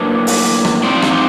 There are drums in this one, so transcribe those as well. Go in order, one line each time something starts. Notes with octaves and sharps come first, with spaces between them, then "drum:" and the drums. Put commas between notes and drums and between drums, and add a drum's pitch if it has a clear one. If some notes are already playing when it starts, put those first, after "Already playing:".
Already playing: A2 F#3 A#3 D4 B4 C#5
drum: open hi-hat
drum: rim click
C3 F3 C4 D#4 C5 D5
drum: rim click